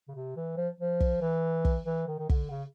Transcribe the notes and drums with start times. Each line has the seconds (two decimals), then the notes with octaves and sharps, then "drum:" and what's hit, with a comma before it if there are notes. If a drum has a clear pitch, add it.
0.08 C#3
0.15 C3
0.37 E3
0.57 F3
0.80 F3
1.00 drum: kick
1.21 E3
1.65 drum: kick
1.86 E3
2.07 D#3
2.19 D#3
2.29 D3, drum: kick
2.50 C#3